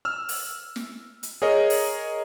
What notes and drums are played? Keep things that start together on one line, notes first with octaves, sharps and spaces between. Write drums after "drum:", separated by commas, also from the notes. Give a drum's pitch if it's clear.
E6 F6
drum: open hi-hat
drum: snare
drum: hi-hat
G#4 A#4 C#5 D#5
drum: open hi-hat